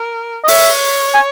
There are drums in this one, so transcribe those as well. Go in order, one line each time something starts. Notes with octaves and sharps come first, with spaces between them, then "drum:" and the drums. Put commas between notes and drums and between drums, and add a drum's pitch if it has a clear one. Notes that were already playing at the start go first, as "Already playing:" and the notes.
Already playing: A#4
D#5
C#5 E5, drum: open hi-hat
G#5